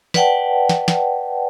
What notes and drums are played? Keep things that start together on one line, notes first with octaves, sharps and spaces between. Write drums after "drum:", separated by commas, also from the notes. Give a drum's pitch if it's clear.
B4 D5 F#5 G5 A5, drum: snare
drum: snare
drum: snare